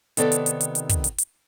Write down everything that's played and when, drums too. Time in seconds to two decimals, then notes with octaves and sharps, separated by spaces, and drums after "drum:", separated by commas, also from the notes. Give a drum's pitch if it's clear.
0.17 C3 D#3 B3 A4 D5, drum: hi-hat
0.32 drum: hi-hat
0.46 drum: hi-hat
0.61 drum: hi-hat
0.75 drum: hi-hat
0.89 drum: kick, hi-hat
1.04 drum: hi-hat
1.18 drum: hi-hat